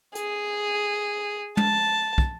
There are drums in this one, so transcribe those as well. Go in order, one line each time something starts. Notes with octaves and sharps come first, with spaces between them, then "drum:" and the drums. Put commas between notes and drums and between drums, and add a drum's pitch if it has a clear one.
G#4, drum: hi-hat
A5, drum: tom
drum: kick